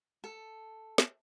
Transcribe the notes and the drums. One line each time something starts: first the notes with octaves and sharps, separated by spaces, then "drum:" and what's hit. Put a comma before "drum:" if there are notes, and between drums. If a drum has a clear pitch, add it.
A4
drum: snare